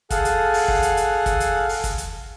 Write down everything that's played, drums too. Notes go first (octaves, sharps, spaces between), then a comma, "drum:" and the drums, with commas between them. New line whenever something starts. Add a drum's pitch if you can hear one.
G#4 A4 F5 F#5, drum: kick, hi-hat
drum: hi-hat
drum: open hi-hat
drum: kick
drum: hi-hat
drum: hi-hat
drum: kick, hi-hat
drum: hi-hat
drum: open hi-hat
drum: kick, hi-hat
drum: hi-hat